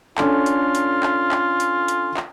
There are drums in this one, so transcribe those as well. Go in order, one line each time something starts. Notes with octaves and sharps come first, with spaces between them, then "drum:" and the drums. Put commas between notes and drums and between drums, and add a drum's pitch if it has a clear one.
C#4 D4 F4 A4, drum: clap
drum: hi-hat
drum: hi-hat
drum: clap
drum: clap
drum: hi-hat
drum: hi-hat
drum: clap